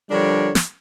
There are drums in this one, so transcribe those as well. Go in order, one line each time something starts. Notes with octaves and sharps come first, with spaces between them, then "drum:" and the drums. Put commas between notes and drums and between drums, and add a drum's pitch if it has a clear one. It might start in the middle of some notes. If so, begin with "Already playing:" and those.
D3 F3 G3 D4 A#4 C#5
drum: snare